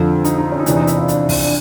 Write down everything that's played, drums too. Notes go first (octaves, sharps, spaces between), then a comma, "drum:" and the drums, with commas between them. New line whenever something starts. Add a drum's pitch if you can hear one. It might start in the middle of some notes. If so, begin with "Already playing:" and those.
Already playing: F2 D3 F3 A4
D#4, drum: hi-hat
D#4
C#4
D#4
E2 C3 E3 D4, drum: hi-hat
D#4
E4, drum: hi-hat
F4
D4, drum: hi-hat
drum: kick, open hi-hat
D4